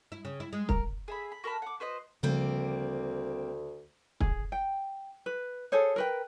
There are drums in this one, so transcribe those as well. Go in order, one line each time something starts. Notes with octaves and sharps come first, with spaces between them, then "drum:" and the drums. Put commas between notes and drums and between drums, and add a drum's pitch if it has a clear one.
E4
C#3
E4
G#3
A#4, drum: kick
G#4 E5 B5
B5
F#4 A#4 A5 B5
F#5 D6
F#4 B4 C5 D#5
D2 C#3 F3 G3 A#3 C4
G#4, drum: kick
G5
B4
G#4 A4 C5 C#5
A#4 B4 G5